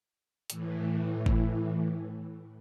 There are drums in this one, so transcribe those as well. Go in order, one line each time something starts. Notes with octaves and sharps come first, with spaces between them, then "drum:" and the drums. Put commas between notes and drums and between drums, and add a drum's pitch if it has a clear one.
A2 E3, drum: hi-hat
drum: kick G1